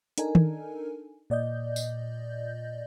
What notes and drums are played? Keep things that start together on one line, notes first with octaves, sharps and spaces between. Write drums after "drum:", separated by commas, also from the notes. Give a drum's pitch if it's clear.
D4 D#4 A4 A#4 G#5, drum: hi-hat
drum: tom D#3
A#2 D5 D#5 G6
drum: tambourine